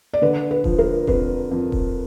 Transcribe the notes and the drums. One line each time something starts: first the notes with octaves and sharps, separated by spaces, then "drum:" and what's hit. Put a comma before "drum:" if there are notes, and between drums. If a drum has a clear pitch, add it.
D5
D3 B4
B4
F3, drum: kick D#1
A#4
F2 B4, drum: kick D#1
F2
drum: kick D#1